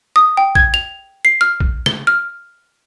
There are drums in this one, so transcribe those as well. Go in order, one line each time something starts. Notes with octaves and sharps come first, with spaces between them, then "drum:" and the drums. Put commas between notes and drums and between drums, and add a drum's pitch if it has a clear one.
D#6
G5
G#6, drum: kick A#1
F7
C7
F6
drum: kick A#1
G7, drum: snare
F6